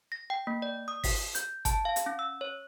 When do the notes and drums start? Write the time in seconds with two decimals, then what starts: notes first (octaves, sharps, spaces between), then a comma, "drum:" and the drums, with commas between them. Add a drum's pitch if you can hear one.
0.12 A#6
0.30 G5
0.47 A#3
0.62 D5
0.88 D#6
1.04 B6, drum: kick G1, open hi-hat
1.35 G6, drum: hi-hat
1.65 A5, drum: kick G1, hi-hat
1.85 F5
1.96 drum: hi-hat
2.06 C#4
2.19 E6
2.41 C#5